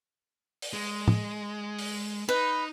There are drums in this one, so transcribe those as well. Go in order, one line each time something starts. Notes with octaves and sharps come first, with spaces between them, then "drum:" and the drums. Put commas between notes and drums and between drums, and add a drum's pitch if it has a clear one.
drum: open hi-hat
G#3
drum: tom
drum: open hi-hat
D#4 B4